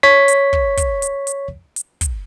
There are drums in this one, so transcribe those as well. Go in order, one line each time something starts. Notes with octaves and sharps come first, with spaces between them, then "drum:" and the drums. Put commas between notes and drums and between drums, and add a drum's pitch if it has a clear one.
C#5 B6
drum: hi-hat
drum: kick
drum: kick, hi-hat
drum: hi-hat
drum: hi-hat
drum: hi-hat
drum: kick, hi-hat